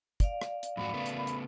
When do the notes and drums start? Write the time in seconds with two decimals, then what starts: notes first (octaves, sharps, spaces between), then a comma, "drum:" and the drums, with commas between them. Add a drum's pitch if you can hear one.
0.20 D5 F5, drum: kick, hi-hat
0.41 drum: rim click
0.63 drum: hi-hat
0.77 F2 G#2 F#4 B5
0.94 C#3 A3 B3
1.06 drum: hi-hat
1.18 B5
1.27 drum: hi-hat